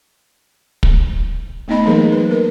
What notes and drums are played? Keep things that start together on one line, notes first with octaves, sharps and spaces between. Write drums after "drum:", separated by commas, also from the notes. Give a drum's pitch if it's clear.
drum: kick
A3 B3 C4 D#4 D#5 B5
E3 F#3 A#3 G#4 A#4 C5
B4
A#4